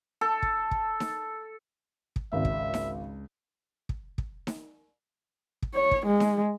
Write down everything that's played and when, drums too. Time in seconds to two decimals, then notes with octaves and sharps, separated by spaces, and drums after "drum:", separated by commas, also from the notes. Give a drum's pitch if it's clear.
0.21 A4
0.42 drum: kick
0.71 drum: kick
1.00 drum: snare D#4
2.16 drum: kick
2.33 G#1 C#2 E5
2.45 drum: kick
2.74 drum: snare D#4
3.89 drum: kick
4.18 drum: kick
4.47 drum: snare D#4
5.62 drum: kick
5.74 C#5
5.91 drum: kick
6.06 G#3
6.20 drum: snare D#4